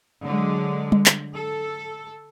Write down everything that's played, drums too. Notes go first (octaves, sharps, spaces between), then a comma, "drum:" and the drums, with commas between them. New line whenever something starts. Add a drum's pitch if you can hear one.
D3 F#3 G#3
drum: tom G3
drum: clap
A4